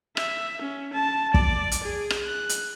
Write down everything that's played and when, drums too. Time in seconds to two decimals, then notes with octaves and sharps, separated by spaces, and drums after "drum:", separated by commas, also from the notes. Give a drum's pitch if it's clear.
0.17 E5, drum: rim click
0.62 C#4
0.94 A5
1.34 D5, drum: kick
1.72 drum: hi-hat
1.84 G#4
2.10 drum: rim click
2.25 F#6
2.49 drum: hi-hat